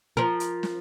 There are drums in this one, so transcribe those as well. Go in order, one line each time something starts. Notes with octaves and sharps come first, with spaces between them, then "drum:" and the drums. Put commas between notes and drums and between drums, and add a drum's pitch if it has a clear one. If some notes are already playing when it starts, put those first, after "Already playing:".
F3 A#4
drum: hi-hat
drum: snare